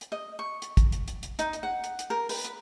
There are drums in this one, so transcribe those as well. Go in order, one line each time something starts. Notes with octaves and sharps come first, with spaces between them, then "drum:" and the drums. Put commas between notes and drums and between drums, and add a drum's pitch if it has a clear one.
drum: hi-hat
D#5
C#6
drum: hi-hat
drum: kick, hi-hat
drum: hi-hat
drum: hi-hat
drum: hi-hat
D#4, drum: hi-hat
drum: hi-hat
F#5
drum: hi-hat
drum: hi-hat
A#4
B4, drum: open hi-hat
drum: hi-hat